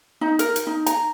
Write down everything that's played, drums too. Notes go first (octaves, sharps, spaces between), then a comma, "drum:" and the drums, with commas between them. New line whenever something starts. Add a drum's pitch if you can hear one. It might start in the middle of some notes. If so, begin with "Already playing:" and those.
D#4
A#4, drum: hi-hat
drum: hi-hat
D#4
A#5, drum: hi-hat